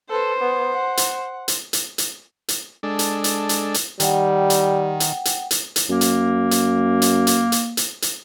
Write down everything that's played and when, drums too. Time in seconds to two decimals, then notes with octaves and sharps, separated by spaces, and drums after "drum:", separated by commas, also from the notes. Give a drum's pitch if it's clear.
0.10 A4 B4 C5
0.41 B3
0.72 F#5
0.97 drum: hi-hat
1.48 drum: hi-hat
1.73 drum: hi-hat
1.98 drum: hi-hat
2.48 drum: hi-hat
2.83 G#3 D4 A4
2.99 drum: hi-hat
3.24 drum: hi-hat
3.49 drum: hi-hat
3.74 drum: hi-hat
4.00 D#3 G3 F#5 G5, drum: hi-hat
4.50 drum: hi-hat
5.00 drum: hi-hat
5.25 drum: hi-hat
5.51 drum: hi-hat
5.76 drum: hi-hat
5.89 F#2 A#3
6.01 drum: hi-hat
6.51 drum: hi-hat
7.02 drum: hi-hat
7.27 drum: hi-hat
7.52 drum: hi-hat
7.77 drum: hi-hat
8.02 drum: hi-hat